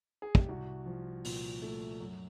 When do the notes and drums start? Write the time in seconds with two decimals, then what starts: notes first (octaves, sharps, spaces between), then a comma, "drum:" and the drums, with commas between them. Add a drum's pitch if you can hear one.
0.22 G#4
0.35 G4, drum: kick
0.49 C2 F#4
0.86 F3
1.25 A#2, drum: open hi-hat
1.62 A3
2.00 F#2